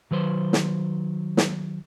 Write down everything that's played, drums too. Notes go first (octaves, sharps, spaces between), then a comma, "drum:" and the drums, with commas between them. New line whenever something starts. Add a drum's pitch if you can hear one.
D#3 F#3 B4 C5
drum: snare
drum: snare